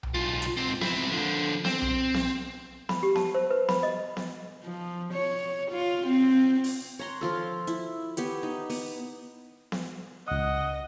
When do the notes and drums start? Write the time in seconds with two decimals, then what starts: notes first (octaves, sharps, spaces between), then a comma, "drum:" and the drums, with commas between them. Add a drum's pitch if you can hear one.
0.03 drum: tom B1
0.14 B1 F4
0.42 drum: hi-hat
0.57 G#2 C4
0.81 C4 E4, drum: snare B3
1.11 D3 F3
1.65 C4, drum: snare B3
1.82 drum: tom B1
2.14 drum: snare B3
2.89 B5, drum: snare B3
3.03 G4
3.16 A5, drum: snare B3
3.34 C5
3.50 B4
3.69 B5, drum: snare B3
3.83 D#5
4.17 drum: snare B3
4.64 F3
5.13 C#5
5.71 F4
6.07 C4
6.64 drum: open hi-hat
6.99 C#5 F#5 A#5 C6
7.21 F3 F4 A4
7.67 E4, drum: hi-hat
8.17 B3 G4 C#5, drum: hi-hat
8.43 D#4
8.70 B3, drum: open hi-hat
9.72 drum: snare B3
10.28 C#2 D#5 F#5 D#6